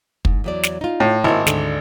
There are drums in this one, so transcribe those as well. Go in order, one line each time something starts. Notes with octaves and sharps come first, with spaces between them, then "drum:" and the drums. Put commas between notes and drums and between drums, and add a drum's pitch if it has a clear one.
G#2, drum: kick
E2 F#3 D5
drum: snare
D#4 F4
A2
G#1 A#3 E4
D2 G#2 D3, drum: snare